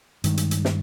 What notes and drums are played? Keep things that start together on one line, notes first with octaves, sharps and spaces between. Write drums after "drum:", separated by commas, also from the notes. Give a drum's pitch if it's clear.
G2 D#3 G#3, drum: hi-hat
drum: hi-hat
drum: hi-hat
drum: snare